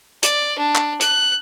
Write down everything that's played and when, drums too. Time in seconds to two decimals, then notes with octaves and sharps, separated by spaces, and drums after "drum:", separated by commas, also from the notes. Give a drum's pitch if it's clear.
0.23 D5, drum: hi-hat
0.58 D4
0.75 drum: clap
1.01 F#6, drum: hi-hat